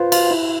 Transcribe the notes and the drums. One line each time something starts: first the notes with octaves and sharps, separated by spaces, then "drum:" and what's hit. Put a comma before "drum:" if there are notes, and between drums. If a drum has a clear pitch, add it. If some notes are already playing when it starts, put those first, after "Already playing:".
Already playing: F4 B4 C5
F4, drum: cymbal
E4